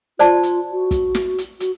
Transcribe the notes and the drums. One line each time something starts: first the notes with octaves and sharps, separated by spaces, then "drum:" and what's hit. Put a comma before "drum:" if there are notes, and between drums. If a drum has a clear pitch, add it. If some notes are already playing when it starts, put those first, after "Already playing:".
F4 C5 D5 A5, drum: hi-hat
drum: hi-hat
F#4
drum: kick, hi-hat
drum: snare
drum: hi-hat
F#4, drum: hi-hat